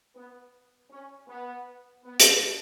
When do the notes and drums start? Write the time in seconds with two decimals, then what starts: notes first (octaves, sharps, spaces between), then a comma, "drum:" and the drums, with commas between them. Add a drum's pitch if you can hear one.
0.15 B3
0.91 C#4
1.28 B3
2.05 B3
2.20 drum: hi-hat